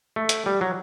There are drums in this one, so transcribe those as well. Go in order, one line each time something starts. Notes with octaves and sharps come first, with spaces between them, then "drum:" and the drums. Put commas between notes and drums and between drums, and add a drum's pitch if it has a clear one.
A3
drum: hi-hat
G3
F#3